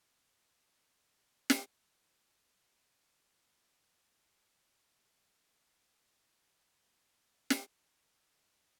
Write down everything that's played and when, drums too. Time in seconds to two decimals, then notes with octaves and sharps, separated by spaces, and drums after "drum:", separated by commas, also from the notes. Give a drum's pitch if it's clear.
0.12 A4 C5 E5 G5
1.50 drum: snare
2.99 D#2 A#4 C5 D5
4.06 G#5
4.26 B3
4.46 C#4
4.64 E3
4.89 C#3
5.06 G4
5.25 F#3
5.57 E2
5.71 D2
6.01 D#5 E5
7.50 drum: snare